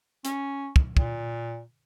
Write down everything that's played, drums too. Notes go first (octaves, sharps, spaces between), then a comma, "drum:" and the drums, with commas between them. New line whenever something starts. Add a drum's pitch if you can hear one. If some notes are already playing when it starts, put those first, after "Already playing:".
C#4, drum: hi-hat
drum: kick
A#2, drum: kick